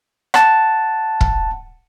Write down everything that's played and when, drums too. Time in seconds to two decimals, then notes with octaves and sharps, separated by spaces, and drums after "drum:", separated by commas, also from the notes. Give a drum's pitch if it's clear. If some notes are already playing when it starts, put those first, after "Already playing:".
0.34 F#5 A5, drum: rim click
1.21 drum: kick